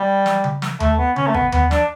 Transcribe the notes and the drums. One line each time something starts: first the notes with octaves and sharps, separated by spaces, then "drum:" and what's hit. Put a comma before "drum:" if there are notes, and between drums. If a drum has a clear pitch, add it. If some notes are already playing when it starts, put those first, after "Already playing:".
Already playing: G3
drum: snare
drum: tom C#3
drum: snare
A3, drum: tom D#2
B3
C#4, drum: tom C#3
A3
B3, drum: kick G#1
B3, drum: tom D#2
D4, drum: snare